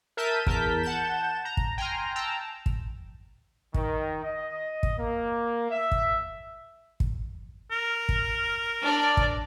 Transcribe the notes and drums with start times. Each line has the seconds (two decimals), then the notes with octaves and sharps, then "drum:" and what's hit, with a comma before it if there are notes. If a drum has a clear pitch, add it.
0.17 A#4 E5 A5 G6 B6 D#7
0.47 E2 A#4 A5 G6 B6, drum: kick
0.83 F#5 A5 G6 E7
1.45 A#5
1.57 drum: kick
1.78 G5 G#5 A#5 C6 F6
2.15 G5 A5 A#5 E6
2.66 drum: kick
3.74 D#3, drum: kick
4.24 D#5
4.83 drum: kick
4.98 A#3
5.71 E5
5.92 drum: kick
7.00 drum: kick
7.71 A#4
8.09 drum: kick
8.82 D4 D5
9.17 drum: kick